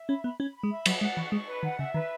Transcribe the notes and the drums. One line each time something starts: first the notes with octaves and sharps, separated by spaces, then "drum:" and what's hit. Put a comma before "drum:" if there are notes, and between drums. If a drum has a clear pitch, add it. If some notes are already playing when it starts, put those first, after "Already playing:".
Already playing: E5
C#4 B5
B3 B5
C#4 B5
B5
G#3
E5
F#3 F#5, drum: cymbal
G#3 F#5
E3 C#6
G#3 C#6
B4
D#3 F#5
C#3 E5
D#3 B4